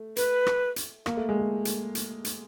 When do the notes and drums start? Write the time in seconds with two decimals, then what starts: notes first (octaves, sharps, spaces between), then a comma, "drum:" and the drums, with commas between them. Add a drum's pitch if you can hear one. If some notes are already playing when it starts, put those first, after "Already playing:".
Already playing: A3
0.16 B4, drum: hi-hat
0.47 drum: rim click
0.76 drum: hi-hat
1.06 A#3, drum: rim click
1.17 A3
1.29 G#3
1.39 A3
1.65 drum: hi-hat
1.95 drum: hi-hat
2.25 drum: hi-hat